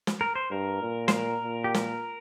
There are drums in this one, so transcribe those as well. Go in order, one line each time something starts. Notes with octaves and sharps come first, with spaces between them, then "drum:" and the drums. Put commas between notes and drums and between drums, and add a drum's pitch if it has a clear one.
drum: snare
A#4
C5
G2 A#4
A#2
C5, drum: snare
A#4
A#2
G4
A#4, drum: snare